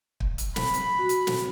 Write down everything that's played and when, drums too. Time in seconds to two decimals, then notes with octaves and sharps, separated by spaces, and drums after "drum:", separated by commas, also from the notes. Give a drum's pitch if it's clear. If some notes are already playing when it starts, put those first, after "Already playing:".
0.20 drum: kick
0.38 drum: hi-hat
0.56 B5, drum: snare
0.74 drum: hi-hat
0.99 F#4
1.09 drum: hi-hat
1.27 drum: snare